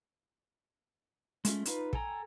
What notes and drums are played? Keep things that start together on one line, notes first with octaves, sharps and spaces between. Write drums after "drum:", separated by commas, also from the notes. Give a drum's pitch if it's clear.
G#3 A3 C#4 F4, drum: hi-hat
D#4 F4 B4, drum: hi-hat
A4 G5 G#5 A#5, drum: kick